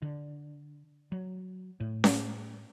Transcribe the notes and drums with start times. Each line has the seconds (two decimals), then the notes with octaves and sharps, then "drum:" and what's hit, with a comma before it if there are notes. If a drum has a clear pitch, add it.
0.02 D3
1.12 F#3
1.80 A2
2.04 drum: snare C#4